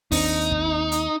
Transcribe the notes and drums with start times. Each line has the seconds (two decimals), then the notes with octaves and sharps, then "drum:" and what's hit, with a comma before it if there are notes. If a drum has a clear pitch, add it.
0.12 D#2 C4 D4 D#4, drum: kick, open hi-hat
0.52 drum: kick
0.92 drum: hi-hat